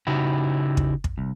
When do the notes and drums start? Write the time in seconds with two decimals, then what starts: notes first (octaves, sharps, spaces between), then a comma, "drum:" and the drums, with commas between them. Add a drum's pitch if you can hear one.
0.07 C#3 D#4 E4 F#4 G4
0.77 drum: kick
1.04 drum: kick
1.18 C2